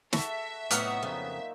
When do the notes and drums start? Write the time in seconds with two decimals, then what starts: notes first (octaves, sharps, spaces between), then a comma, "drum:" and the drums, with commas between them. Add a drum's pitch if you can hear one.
0.13 F#4 A4 E5, drum: snare
0.71 A2 C3 F#3 B3 D#4 F#5 E6 F6, drum: hi-hat
1.02 F2 A#2 C#3